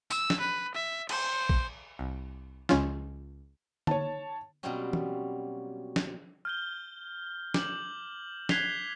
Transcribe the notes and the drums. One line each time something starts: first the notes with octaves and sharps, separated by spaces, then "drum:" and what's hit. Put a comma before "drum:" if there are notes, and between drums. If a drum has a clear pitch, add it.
E6, drum: tambourine
drum: snare
B4
E5
C5, drum: cymbal
drum: kick
C2
C#2 G#3 C#4 F4, drum: snare
C#5 A5, drum: tom D3
B2 F#3 G3 A#3 C4 C#4
drum: tom E3
drum: snare
F6 G6 G7
D6 G6 F#7, drum: snare
F#6 G#6 B6 C7 F7 G7, drum: snare